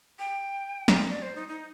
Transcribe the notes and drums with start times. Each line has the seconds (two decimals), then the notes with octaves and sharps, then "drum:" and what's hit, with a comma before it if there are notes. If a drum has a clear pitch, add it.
0.19 G5
0.88 drum: snare
1.10 D5
1.22 C5
1.36 D#4
1.48 D#4